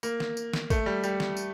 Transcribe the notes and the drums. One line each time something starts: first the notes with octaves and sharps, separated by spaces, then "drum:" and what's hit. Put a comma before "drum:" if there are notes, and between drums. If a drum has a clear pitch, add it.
A#3, drum: tambourine
drum: snare
drum: tambourine
drum: snare
A3, drum: kick, tambourine
G3
G3, drum: tambourine
drum: snare
drum: tambourine